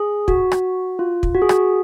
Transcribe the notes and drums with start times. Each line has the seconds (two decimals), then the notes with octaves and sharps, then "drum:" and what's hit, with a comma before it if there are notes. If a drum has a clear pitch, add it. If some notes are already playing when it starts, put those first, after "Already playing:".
Already playing: G#4
0.28 F#4, drum: kick
0.52 drum: rim click
0.99 F4
1.23 drum: kick
1.35 F#4
1.42 G#4
1.49 F#4, drum: rim click